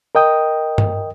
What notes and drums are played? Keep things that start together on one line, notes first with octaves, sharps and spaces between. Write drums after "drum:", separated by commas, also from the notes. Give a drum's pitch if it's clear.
A#4 D#5 G5 D#6
drum: tom G2